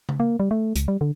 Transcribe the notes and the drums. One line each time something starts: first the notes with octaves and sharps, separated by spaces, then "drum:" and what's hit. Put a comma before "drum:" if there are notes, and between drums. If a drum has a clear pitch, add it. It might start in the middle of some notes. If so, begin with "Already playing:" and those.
drum: tom C#3
A#3
G3
A3
C#2, drum: hi-hat
G3
D3